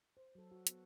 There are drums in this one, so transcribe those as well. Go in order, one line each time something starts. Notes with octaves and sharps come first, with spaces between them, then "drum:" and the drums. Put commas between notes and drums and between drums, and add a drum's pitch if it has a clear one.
C5
F#3 A4
F#4
B3 F#4, drum: hi-hat